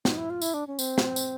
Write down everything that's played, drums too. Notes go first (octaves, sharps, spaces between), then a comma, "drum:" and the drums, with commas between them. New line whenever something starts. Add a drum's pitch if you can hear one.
D#4, drum: snare
E4
F4
E4, drum: tambourine
D4
C#4
C4, drum: tambourine
drum: snare
drum: tambourine